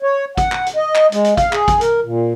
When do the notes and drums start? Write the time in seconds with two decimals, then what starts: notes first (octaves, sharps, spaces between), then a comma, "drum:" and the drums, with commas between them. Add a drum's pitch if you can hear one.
0.03 C#5
0.37 F#5, drum: kick, hi-hat
0.52 drum: clap
0.66 drum: hi-hat
0.76 D#5
0.95 drum: clap
1.12 G#3, drum: hi-hat
1.24 drum: hi-hat
1.37 F5, drum: kick, hi-hat
1.53 G#4, drum: clap
1.68 drum: kick, hi-hat
1.81 A#4, drum: hi-hat
2.03 A#2